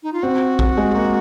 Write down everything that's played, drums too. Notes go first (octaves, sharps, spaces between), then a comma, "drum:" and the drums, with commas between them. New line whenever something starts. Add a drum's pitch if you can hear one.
D#4
F4
C4 F#4
drum: kick A#1
G#3
A#3